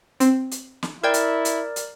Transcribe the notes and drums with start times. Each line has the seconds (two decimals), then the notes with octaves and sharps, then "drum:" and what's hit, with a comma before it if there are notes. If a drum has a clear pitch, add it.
0.20 C4, drum: hi-hat
0.51 drum: hi-hat
0.83 drum: snare
1.04 E4 A#4 D5 G5 G#6
1.14 drum: hi-hat
1.45 drum: hi-hat
1.76 drum: hi-hat